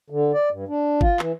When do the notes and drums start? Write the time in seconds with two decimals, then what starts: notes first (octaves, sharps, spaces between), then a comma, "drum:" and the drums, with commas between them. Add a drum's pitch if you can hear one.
0.10 D3
0.34 D5
0.51 G2
0.68 D4
1.01 F4, drum: kick G1
1.19 E3, drum: clap